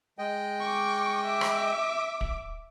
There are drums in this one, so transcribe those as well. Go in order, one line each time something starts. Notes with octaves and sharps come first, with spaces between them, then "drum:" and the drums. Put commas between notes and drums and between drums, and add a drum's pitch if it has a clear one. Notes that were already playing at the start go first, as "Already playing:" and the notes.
G#3 D#5 G5
C#6 D6
E5 D6
drum: rim click
drum: kick